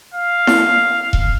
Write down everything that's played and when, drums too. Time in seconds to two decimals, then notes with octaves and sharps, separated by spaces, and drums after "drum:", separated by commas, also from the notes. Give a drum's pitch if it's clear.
0.14 F5
0.47 drum: snare E4
1.13 drum: kick E1